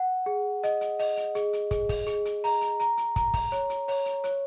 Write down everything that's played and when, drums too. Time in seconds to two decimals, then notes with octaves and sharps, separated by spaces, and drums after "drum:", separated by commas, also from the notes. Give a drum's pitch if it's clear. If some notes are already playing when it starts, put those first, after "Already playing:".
Already playing: F#5
0.26 G#4
0.63 D#5, drum: hi-hat
0.81 drum: hi-hat
0.99 D#5, drum: open hi-hat
1.17 drum: hi-hat
1.35 G#4, drum: hi-hat
1.53 drum: hi-hat
1.71 G#4, drum: kick, hi-hat
1.89 drum: kick, open hi-hat
2.07 G#4, drum: hi-hat
2.25 drum: hi-hat
2.44 A#5, drum: open hi-hat
2.61 drum: hi-hat
2.80 A#5, drum: hi-hat
2.97 drum: hi-hat
3.16 A#5, drum: kick, hi-hat
3.34 drum: kick, open hi-hat
3.52 C#5, drum: hi-hat
3.70 drum: hi-hat
3.88 C#5, drum: open hi-hat
4.06 drum: hi-hat
4.24 C#5, drum: hi-hat